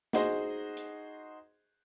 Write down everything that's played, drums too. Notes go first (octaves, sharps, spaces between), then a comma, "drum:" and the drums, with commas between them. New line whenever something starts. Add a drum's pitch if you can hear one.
D#4 F#4 G#4 C5 D#5, drum: snare
drum: hi-hat